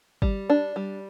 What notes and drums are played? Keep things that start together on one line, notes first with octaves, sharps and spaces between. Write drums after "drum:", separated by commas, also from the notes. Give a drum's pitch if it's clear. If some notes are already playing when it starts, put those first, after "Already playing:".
G3, drum: kick
D4
G3